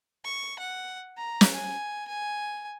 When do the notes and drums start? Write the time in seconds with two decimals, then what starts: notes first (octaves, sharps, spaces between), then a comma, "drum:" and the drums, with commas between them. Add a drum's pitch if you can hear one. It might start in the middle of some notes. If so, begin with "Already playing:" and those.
0.25 C#6
0.59 F#5
1.18 A#5
1.41 drum: snare
1.53 G#5
2.08 G#5